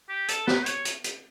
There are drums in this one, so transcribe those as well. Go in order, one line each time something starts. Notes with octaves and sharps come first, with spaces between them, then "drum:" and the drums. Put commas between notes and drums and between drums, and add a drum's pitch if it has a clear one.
G4
A4, drum: hi-hat
B4, drum: snare
C#5, drum: hi-hat
drum: hi-hat
drum: hi-hat